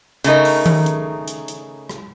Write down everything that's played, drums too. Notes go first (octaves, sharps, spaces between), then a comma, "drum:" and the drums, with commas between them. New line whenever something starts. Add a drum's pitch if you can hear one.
C#3 A3 D#4 A#4, drum: hi-hat
drum: open hi-hat
drum: tom D#3
drum: hi-hat
drum: hi-hat
drum: hi-hat
drum: rim click